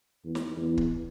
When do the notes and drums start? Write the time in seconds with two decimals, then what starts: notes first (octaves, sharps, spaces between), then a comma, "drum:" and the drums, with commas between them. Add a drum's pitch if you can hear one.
0.25 E2
0.35 drum: snare
0.57 E2
0.77 drum: kick